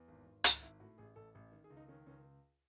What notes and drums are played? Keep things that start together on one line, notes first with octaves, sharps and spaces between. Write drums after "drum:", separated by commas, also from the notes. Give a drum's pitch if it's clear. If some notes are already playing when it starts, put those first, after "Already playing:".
Already playing: E2
G#1
G#1
G#1 E4, drum: hi-hat
G#1 E4
A2 F#4
A1 G#4
A1 A4
A1
D#3
G#4
C#2
D#4
D#3 C#4
C#2 C#4